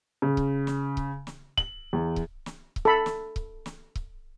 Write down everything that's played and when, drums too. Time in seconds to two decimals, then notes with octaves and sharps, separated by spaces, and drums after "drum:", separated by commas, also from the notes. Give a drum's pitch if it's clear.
0.22 C#3
0.37 drum: kick C#1
0.67 drum: snare
0.97 drum: kick C#1
1.27 drum: snare
1.57 F#7, drum: kick C#1
1.93 E2
2.16 drum: kick C#1
2.46 drum: snare
2.76 drum: kick C#1
2.85 A4 B5
3.06 drum: snare
3.36 drum: kick C#1
3.66 drum: snare
3.95 drum: kick C#1